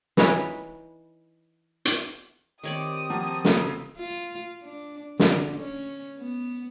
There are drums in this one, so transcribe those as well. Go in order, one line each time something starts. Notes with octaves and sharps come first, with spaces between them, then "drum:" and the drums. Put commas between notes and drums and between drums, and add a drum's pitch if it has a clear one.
E3 D#4 B4 C#5, drum: snare
drum: hi-hat
D#3 C4 G4 C#5 D5 D#6
F3 F#3
C#3 A#3 A4, drum: snare
F4
D4
D3, drum: snare
C#4
B3